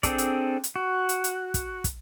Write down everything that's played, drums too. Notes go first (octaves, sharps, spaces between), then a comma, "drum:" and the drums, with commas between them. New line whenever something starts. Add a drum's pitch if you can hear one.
C4 D4 G#4 A4 D5, drum: kick, hi-hat
drum: hi-hat
drum: hi-hat
F#4
drum: hi-hat
drum: hi-hat
drum: kick, hi-hat
drum: kick, hi-hat